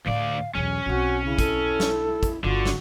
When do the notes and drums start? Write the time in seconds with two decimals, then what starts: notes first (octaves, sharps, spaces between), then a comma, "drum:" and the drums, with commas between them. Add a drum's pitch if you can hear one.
0.06 D2 A2 E4 D5 F5
0.55 B1 E2 C#4 G#5
0.86 B1 C4 F#4
1.25 C#3 E4
1.39 A4, drum: kick, hi-hat
1.80 drum: snare
2.23 drum: kick, hi-hat
2.44 G1 D3 F4 F#4
2.65 drum: snare